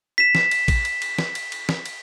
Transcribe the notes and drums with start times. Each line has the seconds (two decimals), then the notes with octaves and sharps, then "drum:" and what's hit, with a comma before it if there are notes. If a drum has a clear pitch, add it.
0.18 B6 E7
0.35 drum: snare
0.51 drum: cymbal
0.68 drum: kick A#1, cymbal
0.85 drum: cymbal
1.02 drum: cymbal
1.18 drum: snare
1.35 drum: cymbal
1.52 drum: cymbal
1.69 drum: snare
1.86 drum: cymbal